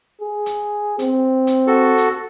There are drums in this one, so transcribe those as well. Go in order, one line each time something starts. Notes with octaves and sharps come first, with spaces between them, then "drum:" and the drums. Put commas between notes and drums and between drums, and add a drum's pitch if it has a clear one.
G#4
drum: hi-hat
C4, drum: hi-hat
drum: hi-hat
F#4 A4
drum: hi-hat